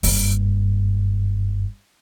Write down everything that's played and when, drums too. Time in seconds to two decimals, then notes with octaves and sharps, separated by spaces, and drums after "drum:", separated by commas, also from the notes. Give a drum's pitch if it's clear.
0.03 F#1 G2, drum: open hi-hat